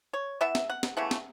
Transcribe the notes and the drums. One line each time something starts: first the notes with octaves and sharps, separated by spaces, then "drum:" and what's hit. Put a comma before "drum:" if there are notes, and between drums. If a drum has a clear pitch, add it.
C#5
E3 B3 E5
drum: snare
F#5
drum: snare
C#3 E3 A3 F#5
drum: snare